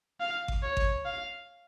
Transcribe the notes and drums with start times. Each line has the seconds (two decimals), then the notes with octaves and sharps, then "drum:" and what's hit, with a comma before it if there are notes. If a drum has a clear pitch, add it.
0.20 F5
0.48 drum: kick G#1
0.62 C#5
0.77 drum: kick G#1
1.05 F5